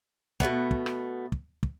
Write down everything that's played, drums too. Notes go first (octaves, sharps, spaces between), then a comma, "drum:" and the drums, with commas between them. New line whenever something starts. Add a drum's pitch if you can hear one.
B2 F#3 A3 B3, drum: kick
drum: kick
drum: rim click
drum: kick
drum: kick